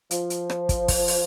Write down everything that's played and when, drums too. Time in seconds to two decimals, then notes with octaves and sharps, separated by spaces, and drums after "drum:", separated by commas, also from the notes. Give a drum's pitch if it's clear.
0.11 F3, drum: hi-hat
0.30 drum: hi-hat
0.50 drum: rim click
0.69 drum: kick, hi-hat
0.88 drum: kick, open hi-hat
1.08 drum: open hi-hat